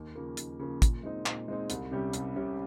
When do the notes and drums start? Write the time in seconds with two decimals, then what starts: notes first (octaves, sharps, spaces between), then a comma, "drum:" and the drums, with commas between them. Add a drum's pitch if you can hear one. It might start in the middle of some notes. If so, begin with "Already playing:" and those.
Already playing: D#2
0.15 C#3 F3 A#3
0.37 D#2, drum: hi-hat
0.60 C#3 F3 A#3
0.82 A#2, drum: kick, hi-hat
1.03 G#3 C4 D#4
1.26 A#2, drum: clap
1.48 G#3 C4 D#4
1.70 C2, drum: hi-hat
1.92 C3 G3 C#4 G4
2.13 C2, drum: hi-hat
2.36 C3 G3 C#4 G4